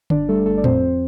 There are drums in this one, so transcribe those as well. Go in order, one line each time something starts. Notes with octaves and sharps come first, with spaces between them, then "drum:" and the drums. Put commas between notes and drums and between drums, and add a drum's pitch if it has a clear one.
G1 D4 D5, drum: tom D3
G3 A3 A4
G1 A3 A4
D5
F2 C4 C5, drum: tom A2
F2